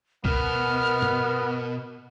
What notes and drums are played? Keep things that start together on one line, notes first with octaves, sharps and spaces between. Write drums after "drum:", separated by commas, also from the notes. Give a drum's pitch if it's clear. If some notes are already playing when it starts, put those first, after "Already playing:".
B2 B3 A#4 F6, drum: kick
drum: tom G2